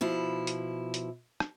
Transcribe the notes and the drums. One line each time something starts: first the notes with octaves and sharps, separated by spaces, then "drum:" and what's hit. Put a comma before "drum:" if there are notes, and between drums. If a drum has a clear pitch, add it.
B2 F3 E4
drum: hi-hat
drum: hi-hat
drum: rim click